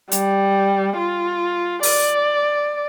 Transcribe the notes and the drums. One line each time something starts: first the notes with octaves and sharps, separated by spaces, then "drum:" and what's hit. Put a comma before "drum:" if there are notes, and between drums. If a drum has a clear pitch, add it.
G3, drum: hi-hat
F4
D5, drum: open hi-hat